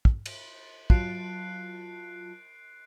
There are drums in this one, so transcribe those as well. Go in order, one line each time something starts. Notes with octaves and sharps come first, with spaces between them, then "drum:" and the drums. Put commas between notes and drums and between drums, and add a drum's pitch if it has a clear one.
drum: kick
drum: cymbal
F#3 F4 A5 F#6 C7 D7, drum: kick